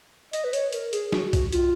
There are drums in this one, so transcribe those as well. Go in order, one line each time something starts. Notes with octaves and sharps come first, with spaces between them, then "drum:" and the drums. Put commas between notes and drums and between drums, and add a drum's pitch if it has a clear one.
D#5, drum: hi-hat
B4
C#5, drum: hi-hat
A#4, drum: hi-hat
G#4, drum: hi-hat
F#4, drum: snare
F#4, drum: kick B1, hi-hat
F4, drum: hi-hat